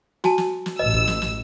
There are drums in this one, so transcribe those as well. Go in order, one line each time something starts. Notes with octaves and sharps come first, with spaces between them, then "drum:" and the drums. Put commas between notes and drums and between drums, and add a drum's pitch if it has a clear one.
F#4 G#5 A5, drum: snare
drum: snare
drum: snare
A1 B4 D#5 E6
drum: kick
drum: snare
drum: snare